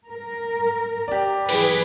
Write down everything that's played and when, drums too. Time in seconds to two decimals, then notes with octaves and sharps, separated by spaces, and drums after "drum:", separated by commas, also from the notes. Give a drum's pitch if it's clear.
0.11 A#4
1.08 G4 D5
1.49 E3 G#4 B4, drum: cymbal